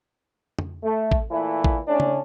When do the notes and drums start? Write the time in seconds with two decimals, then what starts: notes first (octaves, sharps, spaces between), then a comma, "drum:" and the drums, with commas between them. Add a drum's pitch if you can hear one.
0.59 drum: tom
0.82 A3
1.12 drum: kick A1
1.29 A#2 E3 A3 E4
1.64 drum: kick A1
1.87 A2 C#4 D4
2.00 drum: tom C#3